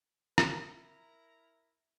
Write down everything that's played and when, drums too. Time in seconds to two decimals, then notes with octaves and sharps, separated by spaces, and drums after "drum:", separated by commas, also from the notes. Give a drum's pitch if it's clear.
0.38 E4 A#4 A#5, drum: rim click